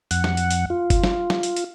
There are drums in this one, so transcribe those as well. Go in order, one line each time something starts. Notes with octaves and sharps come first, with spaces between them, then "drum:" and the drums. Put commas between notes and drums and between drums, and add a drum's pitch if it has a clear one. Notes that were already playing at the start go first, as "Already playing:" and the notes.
F2 F#5, drum: hi-hat
drum: snare
drum: hi-hat
drum: hi-hat
F4
drum: kick F#1, hi-hat
drum: snare
drum: snare
drum: hi-hat
drum: hi-hat